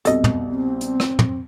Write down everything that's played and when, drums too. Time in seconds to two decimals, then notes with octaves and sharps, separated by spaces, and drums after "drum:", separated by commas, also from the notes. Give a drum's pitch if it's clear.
0.05 C2 B2 A4 D#5, drum: hi-hat
0.24 drum: tom
0.50 C4
0.81 drum: hi-hat
1.00 drum: rim click
1.19 drum: tom